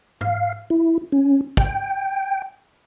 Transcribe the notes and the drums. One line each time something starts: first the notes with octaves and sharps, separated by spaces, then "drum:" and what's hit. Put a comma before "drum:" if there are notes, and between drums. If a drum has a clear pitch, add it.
F5, drum: tom
E4
C#4
G5, drum: kick